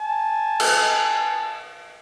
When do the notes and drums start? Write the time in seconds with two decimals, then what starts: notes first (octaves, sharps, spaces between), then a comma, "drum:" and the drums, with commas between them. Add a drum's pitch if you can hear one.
0.01 G#5 A5
0.60 drum: cymbal